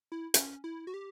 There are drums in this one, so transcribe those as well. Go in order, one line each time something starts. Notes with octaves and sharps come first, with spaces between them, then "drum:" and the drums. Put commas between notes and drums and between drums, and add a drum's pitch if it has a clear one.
E4
C#4, drum: hi-hat
E4
F#4
G4